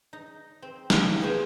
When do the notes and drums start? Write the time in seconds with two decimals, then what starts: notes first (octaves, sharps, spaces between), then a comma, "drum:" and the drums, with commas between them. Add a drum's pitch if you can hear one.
0.13 D#4
0.62 C4
0.90 drum: snare
1.21 B3 G#4 C5 G5